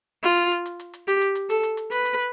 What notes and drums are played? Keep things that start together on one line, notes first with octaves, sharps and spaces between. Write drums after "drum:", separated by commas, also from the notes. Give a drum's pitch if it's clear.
F4, drum: hi-hat
drum: hi-hat
drum: hi-hat
drum: hi-hat
drum: hi-hat
drum: hi-hat
G4, drum: hi-hat
drum: hi-hat
drum: hi-hat
A4, drum: hi-hat
drum: hi-hat
drum: hi-hat
B4, drum: hi-hat
drum: hi-hat